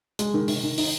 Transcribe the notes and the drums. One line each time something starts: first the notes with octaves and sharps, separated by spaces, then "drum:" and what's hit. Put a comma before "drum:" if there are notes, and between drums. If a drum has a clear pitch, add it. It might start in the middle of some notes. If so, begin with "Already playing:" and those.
G#3, drum: hi-hat
D#3
D#3, drum: open hi-hat
D#3
D#4, drum: open hi-hat